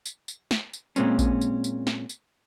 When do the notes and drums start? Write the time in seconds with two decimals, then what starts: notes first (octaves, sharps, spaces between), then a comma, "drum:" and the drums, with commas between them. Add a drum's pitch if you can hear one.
0.06 drum: tambourine
0.28 drum: tambourine
0.51 drum: snare
0.73 drum: tambourine
0.96 A#2 G#3 C4 C#4, drum: tambourine
1.19 drum: kick A1, tambourine
1.41 drum: tambourine
1.64 drum: tambourine
1.87 drum: snare
2.09 drum: tambourine